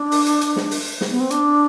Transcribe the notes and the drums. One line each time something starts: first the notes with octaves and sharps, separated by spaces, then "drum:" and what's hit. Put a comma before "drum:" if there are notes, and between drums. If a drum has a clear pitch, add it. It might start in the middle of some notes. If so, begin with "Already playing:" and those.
Already playing: D4
drum: open hi-hat
drum: hi-hat
drum: hi-hat
drum: snare
drum: open hi-hat
drum: snare
B3
C4
D4, drum: hi-hat